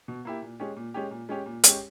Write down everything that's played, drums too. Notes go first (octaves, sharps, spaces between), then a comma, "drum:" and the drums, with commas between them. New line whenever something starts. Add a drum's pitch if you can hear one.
B2
A#3 E4 G4
A#2
G#3 C#4 G4
A#2
G#3 C#4 G4
A#2
G#3 C#4 G4
A#2
G#3 C#4 G4, drum: hi-hat